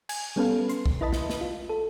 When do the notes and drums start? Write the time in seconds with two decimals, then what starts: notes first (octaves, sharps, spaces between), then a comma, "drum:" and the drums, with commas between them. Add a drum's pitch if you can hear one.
0.09 G#5, drum: cymbal
0.36 G3 B3 C#4 A4 B4 F5
0.69 C6, drum: hi-hat
0.86 drum: kick A#1
1.01 E4 B4 D#5 A5 B5
1.13 drum: snare
1.30 drum: snare
1.41 F4
1.69 A4